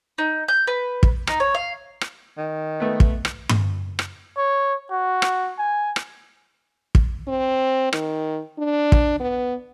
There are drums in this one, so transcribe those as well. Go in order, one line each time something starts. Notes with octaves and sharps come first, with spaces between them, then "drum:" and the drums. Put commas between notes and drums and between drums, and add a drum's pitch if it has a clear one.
D#4
G6
B4
drum: kick
D#4, drum: rim click
C#5
F5
drum: rim click
D#3
A3 B3
drum: kick
drum: rim click
drum: tom G2
drum: rim click
C#5
F#4
drum: rim click
G#5
drum: rim click
drum: kick
C4
D#3, drum: rim click
D4
drum: kick
B3